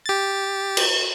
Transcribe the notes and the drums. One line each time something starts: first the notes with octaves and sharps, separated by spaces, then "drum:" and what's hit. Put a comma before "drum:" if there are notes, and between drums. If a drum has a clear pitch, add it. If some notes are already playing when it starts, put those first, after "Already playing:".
G4 A6
drum: cymbal